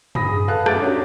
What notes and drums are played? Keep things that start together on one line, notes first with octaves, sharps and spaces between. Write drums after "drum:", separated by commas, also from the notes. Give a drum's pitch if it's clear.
B5 D#6 A#6, drum: tom F#2
G#4
A4 B4 F5 A5 F#6
F#2 E5 D6 A6 D7, drum: rim click
C#4 D4 F#4 G4 A#4 C#5